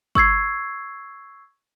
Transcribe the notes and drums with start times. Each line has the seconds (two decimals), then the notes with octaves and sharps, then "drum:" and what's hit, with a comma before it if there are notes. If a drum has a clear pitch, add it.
0.15 C#6 E6 G#6 C7, drum: kick G1